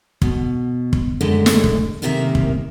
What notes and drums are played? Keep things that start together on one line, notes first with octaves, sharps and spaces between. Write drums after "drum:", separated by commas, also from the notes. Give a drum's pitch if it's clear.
B2, drum: kick
drum: kick
F#2 A2 D3 D#3 G#3 A3
drum: snare
drum: kick
F#2 A2 C3 D#3 A#3 E5
drum: kick